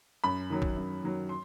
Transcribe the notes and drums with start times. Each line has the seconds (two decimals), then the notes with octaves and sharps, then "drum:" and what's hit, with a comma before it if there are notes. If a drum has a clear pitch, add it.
0.24 F#2 B5
0.50 D#3 F#3
0.62 drum: kick A1
0.77 F#2
1.03 D#3 F#3
1.29 C6